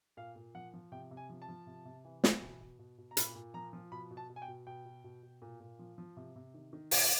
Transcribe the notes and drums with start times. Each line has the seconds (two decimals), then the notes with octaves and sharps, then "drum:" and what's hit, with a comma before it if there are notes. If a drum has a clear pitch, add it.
0.17 A#2 F5
0.36 A#2
0.55 F3 F#5
0.74 F3
0.92 C3 G5
1.11 C3
1.17 G#5
1.30 F3
1.42 A5
1.48 F3
1.67 C3
1.85 C3
2.05 E3
2.24 E3, drum: snare
2.42 B2
2.61 B2
2.79 B2
2.98 B2
3.11 A#5
3.17 A#2 B5, drum: hi-hat
3.35 A#2
3.54 F3 A#5
3.73 F3
3.92 B2 B5
4.11 B2
4.17 A5
4.29 B2
4.36 G#5
4.42 G5
4.48 B2
4.67 B2 G5
4.86 B2
5.04 B2
5.23 B2
5.42 A#2
5.61 A#2
5.79 F3
5.98 F3
6.17 C3
6.36 C3
6.54 D#3
6.73 D#3
6.91 B2 G#5, drum: open hi-hat